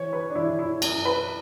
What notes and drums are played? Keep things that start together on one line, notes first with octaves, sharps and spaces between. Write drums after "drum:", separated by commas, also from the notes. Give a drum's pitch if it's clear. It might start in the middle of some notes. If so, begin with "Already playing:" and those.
Already playing: E3 C#5
B4
D4
E3 E4
E4
F#2, drum: cymbal
B4